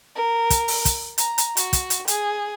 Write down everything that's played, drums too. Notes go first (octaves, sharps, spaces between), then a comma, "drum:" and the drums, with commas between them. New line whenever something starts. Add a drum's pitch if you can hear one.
A#4
drum: kick, hi-hat
drum: open hi-hat
drum: kick, hi-hat
A#5, drum: hi-hat
drum: hi-hat
F#4, drum: hi-hat
drum: kick, hi-hat
drum: hi-hat
G#4, drum: hi-hat